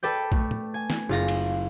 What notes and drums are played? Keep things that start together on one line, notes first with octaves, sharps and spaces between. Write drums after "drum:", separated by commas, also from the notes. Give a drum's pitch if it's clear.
A4 B4 D5 G5
A3, drum: kick
drum: tom
G#5
drum: snare
F#1 F4 A#6
drum: cymbal